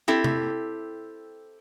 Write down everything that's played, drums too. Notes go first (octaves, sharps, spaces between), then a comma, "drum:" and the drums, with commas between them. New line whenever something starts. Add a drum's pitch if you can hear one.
C4 E4 G4 A4
drum: tom C3